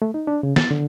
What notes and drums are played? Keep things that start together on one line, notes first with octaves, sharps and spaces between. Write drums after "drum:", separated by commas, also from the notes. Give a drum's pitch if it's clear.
A3
D#4
D4
C#3
A6, drum: snare
D3